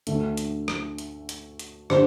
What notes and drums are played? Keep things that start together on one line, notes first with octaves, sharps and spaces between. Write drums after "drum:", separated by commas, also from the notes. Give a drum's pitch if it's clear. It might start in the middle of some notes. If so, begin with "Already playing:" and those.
D2 D3 A3, drum: hi-hat
drum: hi-hat
drum: rim click
drum: hi-hat
drum: hi-hat
drum: hi-hat
D3 G3 D4 G4 C5, drum: rim click